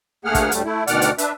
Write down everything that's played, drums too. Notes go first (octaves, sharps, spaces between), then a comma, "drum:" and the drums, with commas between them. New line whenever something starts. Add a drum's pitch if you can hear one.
D2 A3 A#3 G#4 F#5 F6
drum: kick, hi-hat
D2 A2 G3 A3, drum: hi-hat
A3 E4
D2 B2 D#3 D5 F#5 F6, drum: hi-hat
drum: hi-hat
D4 B4 E5, drum: hi-hat